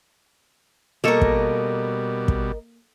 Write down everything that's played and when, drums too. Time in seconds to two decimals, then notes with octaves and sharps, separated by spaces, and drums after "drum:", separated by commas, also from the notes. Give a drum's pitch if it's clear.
1.04 B2 G3 A#3 A4 A#4 D#5 C#6
1.21 drum: kick
2.28 drum: kick